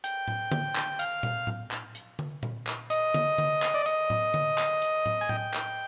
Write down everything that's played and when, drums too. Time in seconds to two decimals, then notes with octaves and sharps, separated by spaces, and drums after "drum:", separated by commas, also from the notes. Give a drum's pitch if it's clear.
0.04 G5, drum: hi-hat
0.28 drum: tom A2
0.51 drum: tom D3
0.75 drum: clap
0.99 F5, drum: hi-hat
1.23 drum: tom A#2
1.47 drum: tom A2
1.71 drum: clap
1.95 drum: hi-hat
2.19 drum: tom D3
2.43 drum: tom A#2
2.67 drum: clap
2.90 D#5, drum: hi-hat
3.14 drum: tom D3
3.38 drum: tom D3
3.62 drum: clap
3.74 D5
3.86 D#5, drum: hi-hat
4.10 drum: tom A2
4.34 drum: tom D3
4.58 drum: clap
4.82 drum: hi-hat
5.06 drum: tom A2
5.21 G#5
5.29 G5, drum: tom A2
5.54 drum: clap